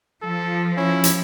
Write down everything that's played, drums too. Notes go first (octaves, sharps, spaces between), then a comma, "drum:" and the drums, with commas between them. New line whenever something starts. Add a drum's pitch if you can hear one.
F3 A4
C#4 E4
drum: hi-hat